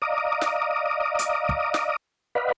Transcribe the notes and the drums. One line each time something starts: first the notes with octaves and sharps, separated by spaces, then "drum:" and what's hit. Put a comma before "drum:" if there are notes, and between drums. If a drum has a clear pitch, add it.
D5 D#5 F5 A#5 D6 D#6
drum: snare
drum: hi-hat
drum: kick
drum: snare
B4 D5 D#5 F5 F#5 B5